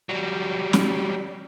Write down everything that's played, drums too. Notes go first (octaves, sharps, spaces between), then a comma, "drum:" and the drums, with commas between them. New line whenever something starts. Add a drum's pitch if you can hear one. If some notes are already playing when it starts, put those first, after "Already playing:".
F#3 G3
drum: snare